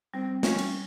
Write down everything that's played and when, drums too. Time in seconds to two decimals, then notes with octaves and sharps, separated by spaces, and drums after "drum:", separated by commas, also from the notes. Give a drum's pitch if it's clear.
0.14 G3 C4
0.43 G3 C#4, drum: snare
0.58 drum: cymbal